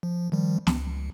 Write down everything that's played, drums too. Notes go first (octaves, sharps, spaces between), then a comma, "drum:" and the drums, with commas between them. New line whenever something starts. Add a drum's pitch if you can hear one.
F3
D#3 F3 G3
C#2, drum: snare